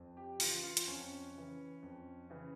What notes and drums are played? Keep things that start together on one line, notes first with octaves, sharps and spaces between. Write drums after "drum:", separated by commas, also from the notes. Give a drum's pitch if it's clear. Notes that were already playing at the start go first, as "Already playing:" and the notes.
Already playing: F2
G4
C#3 E3 F4, drum: open hi-hat
F4
drum: hi-hat
F2 C#4
C#3 E3
F2
C#3 E3